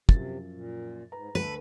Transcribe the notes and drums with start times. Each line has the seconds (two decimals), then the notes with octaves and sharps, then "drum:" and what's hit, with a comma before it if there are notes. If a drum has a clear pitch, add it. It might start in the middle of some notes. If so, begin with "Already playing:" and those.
0.09 F#2 C3 F3 A6, drum: kick
0.53 A#2
1.12 G#2 B4 A#5
1.35 D2 D3 A3 A4 B4